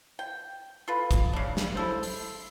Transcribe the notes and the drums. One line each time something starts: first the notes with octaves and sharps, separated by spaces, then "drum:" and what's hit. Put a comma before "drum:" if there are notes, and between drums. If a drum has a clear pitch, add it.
G5
F4 A4 B4
drum: kick, hi-hat
C#3 D4
drum: snare
E4 A4 C5
drum: open hi-hat